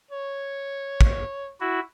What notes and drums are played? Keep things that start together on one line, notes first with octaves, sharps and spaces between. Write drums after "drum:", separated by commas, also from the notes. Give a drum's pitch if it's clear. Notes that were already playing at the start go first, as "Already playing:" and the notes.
C#5
drum: kick
E4 F#4